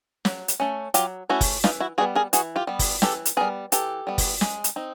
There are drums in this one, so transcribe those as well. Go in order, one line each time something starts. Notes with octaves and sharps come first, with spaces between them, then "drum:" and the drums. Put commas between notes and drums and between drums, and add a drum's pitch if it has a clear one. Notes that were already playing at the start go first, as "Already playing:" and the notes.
F#3, drum: snare
drum: hi-hat
A3 C#4
F#3 F4 G4, drum: hi-hat
A3 C#4 E4 F#4
drum: kick, open hi-hat
E3 D#4 F4, drum: snare
E4 F#4
G3 B3 F#4 G#4
G#4 A#4
E3 F#4 G#4, drum: hi-hat
F4 G4
G3 B3
drum: kick, open hi-hat
E3 G4 A4, drum: snare
drum: hi-hat
G3 B3 G#4 A#4
E3 G4 A4, drum: hi-hat
G3 B3
drum: kick, open hi-hat
G#3, drum: snare
drum: hi-hat
C4 D#4